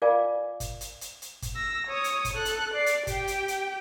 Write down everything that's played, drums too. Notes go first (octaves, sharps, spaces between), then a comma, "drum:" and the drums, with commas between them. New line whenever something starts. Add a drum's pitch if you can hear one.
F4 A#4 D5 F5 G#5 D6
drum: kick G1, hi-hat
drum: hi-hat
drum: hi-hat
drum: hi-hat
drum: kick G1, hi-hat
E6 A#6
C#5 D#6
drum: hi-hat
drum: kick G1, hi-hat
A4 F#6
drum: hi-hat
D5 C7
drum: hi-hat
G4 G5, drum: kick G1, hi-hat
drum: hi-hat
drum: hi-hat